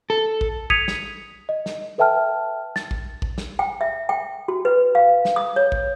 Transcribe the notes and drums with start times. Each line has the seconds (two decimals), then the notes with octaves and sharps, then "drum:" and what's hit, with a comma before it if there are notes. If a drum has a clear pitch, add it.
0.10 A4
0.41 drum: kick A1
0.70 D#6 G#6 B6 C#7 D#7 F7, drum: kick A1
0.88 drum: snare
1.49 D#5
1.66 drum: snare
1.98 A4 B4 E5 G5 A5 F6
2.76 A6, drum: snare
2.91 drum: kick A1
3.22 drum: kick A1
3.38 drum: snare
3.59 G5
3.81 E5
4.09 G5
4.48 F#4
4.65 B4
4.95 F5
5.25 drum: snare
5.36 D#6
5.56 C#5
5.72 drum: kick A1